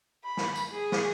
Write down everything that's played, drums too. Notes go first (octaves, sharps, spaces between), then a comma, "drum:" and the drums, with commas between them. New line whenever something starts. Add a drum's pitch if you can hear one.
B5
drum: snare
drum: tambourine
G#4
drum: snare